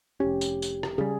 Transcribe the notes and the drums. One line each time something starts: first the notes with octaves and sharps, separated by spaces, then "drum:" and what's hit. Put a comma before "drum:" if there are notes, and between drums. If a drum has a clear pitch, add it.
F1 C#4 G4
drum: tambourine
drum: tambourine
drum: rim click
C#3 G3 G#4